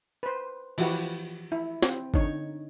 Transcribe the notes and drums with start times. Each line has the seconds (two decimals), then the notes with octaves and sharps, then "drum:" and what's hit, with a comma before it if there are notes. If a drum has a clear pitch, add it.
0.23 B4 C5
0.78 E3 F3 E4 F#4 G4 B4, drum: cymbal
1.52 E4
1.82 C4, drum: snare
2.14 D3 D#4 C#5, drum: kick G1